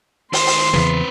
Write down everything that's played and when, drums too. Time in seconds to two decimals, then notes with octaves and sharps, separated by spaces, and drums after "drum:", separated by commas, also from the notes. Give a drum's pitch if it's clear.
0.33 D#3 C5 C6, drum: open hi-hat
0.46 drum: open hi-hat
0.74 E2 C#3 E3 C4 B4